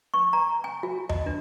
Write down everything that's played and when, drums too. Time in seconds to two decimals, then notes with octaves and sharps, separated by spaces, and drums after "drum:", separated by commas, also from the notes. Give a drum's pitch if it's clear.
0.14 C#6
0.33 A#5
0.64 G#5
0.83 F#4
1.09 D#5, drum: tom E2
1.26 D4